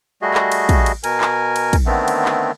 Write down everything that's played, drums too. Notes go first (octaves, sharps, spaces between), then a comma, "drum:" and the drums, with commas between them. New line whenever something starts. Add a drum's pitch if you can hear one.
G3 A3 F#4 G#4 D#5
drum: clap
drum: cymbal
drum: kick, cymbal
drum: cymbal
B2 A#4 G#5, drum: cymbal
drum: clap
drum: cymbal
drum: kick, cymbal
D3 D#3 A3 B3 C4
drum: cymbal
drum: clap